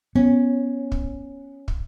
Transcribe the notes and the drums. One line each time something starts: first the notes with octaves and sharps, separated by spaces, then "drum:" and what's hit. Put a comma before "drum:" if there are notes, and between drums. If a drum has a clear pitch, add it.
B3 C#4
drum: kick
drum: kick